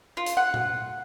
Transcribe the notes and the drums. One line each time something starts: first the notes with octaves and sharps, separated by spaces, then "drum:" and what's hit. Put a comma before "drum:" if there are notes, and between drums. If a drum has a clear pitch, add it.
F4
drum: hi-hat
F#5
drum: tom A#2